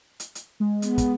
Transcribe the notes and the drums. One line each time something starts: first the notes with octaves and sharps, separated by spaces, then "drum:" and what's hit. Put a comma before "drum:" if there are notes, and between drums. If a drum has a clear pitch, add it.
drum: hi-hat
drum: hi-hat
G#3
B3, drum: hi-hat
drum: kick, hi-hat